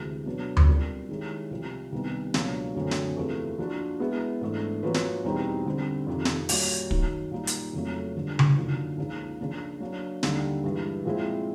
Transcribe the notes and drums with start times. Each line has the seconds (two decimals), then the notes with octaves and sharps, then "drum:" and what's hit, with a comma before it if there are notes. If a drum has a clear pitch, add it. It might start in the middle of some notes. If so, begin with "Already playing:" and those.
Already playing: D2 C3 E3 G#3
0.26 B2 F#3 B3 D4 F#4
0.57 drum: tom D2
0.67 G3 C4 F4 A#4 D5
1.09 D#3 G#3 C#4 E4 G4
1.51 C2 C3 F3
1.92 C2 C3 D#3 G3 B3
2.34 C#2 B2 F#3 A#3 D4, drum: snare
2.75 F#2 D3 F#3 A3 C4
2.91 drum: snare
3.16 E2 C3 F3 A3
3.58 F3 A#3 D4 F#4
4.00 G#3 B3 E4
4.41 G#2 E3 A3 D4
4.83 F3 A#3 C#4 F#4 B4
4.94 drum: snare
5.24 E2 B2 G3 C4 D#4
5.65 D3 G3 C4
6.07 F2 C3 D#3
6.25 drum: snare
6.49 A#2 G3 A#3 C#4 F#4, drum: open hi-hat
6.91 F#2 D#3 F#3, drum: kick
7.31 A#2 G3 A#3 D#4
7.47 drum: hi-hat
7.73 F2 C#3 F#3 A3
8.15 G2 D3 F3
8.39 drum: tom C#3
8.57 F#2 D3 F3 A#3 D#4
8.97 C#2 C#3 F3 A#3 D#4
9.40 C#3 F3 A#3 D4 F4
9.80 F#3 A#3 D4
10.23 D#2 D3 G3 A#3 D#4, drum: snare
10.64 G2 E3 G#3
11.05 A#2 F3 G#3 C4 E4